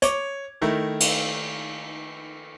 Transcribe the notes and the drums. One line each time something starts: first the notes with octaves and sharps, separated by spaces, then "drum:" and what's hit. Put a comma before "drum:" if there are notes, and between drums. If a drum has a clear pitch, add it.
C#5 D6, drum: hi-hat
D#3 A3 E4 A#4
drum: cymbal